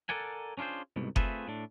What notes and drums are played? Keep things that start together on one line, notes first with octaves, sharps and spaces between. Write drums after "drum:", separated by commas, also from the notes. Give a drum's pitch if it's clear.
A4 A#4 D5 F#5 G#5
C#4 D4 F4 G#4 C5
C2 G#2 B2
A3 C4 F4 G#4 B4 E5, drum: kick F#1
A2 D4